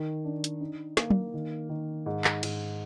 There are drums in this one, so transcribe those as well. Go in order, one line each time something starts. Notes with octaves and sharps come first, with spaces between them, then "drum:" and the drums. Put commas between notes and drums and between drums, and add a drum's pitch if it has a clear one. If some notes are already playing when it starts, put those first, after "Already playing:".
Already playing: D#3
D4
drum: hi-hat
D#4
A#3, drum: snare
drum: tom
D#3
D#3
G#2
drum: clap
G#2, drum: cymbal